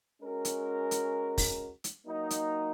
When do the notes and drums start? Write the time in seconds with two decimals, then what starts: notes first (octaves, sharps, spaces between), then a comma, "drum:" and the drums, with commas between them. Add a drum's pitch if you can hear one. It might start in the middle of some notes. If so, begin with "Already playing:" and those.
0.22 G#3 C#4 F#4 A#4
0.45 drum: hi-hat
0.91 drum: hi-hat
1.38 drum: kick, open hi-hat
1.84 drum: hi-hat
2.07 F#3 A#3 D#4
2.30 drum: hi-hat